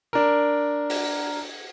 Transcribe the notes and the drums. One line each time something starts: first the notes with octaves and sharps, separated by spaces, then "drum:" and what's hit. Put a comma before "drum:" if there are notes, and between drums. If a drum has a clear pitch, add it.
D4 A#4
drum: open hi-hat